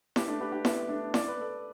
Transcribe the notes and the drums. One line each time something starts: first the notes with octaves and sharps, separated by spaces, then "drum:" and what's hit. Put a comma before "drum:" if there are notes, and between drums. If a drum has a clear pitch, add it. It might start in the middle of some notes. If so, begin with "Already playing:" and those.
G4 B4, drum: snare E4
A3 D4
G4 B4
D4 G4
B3 E4, drum: snare E4
A3 D4
D5, drum: snare E4
B4
A4 D5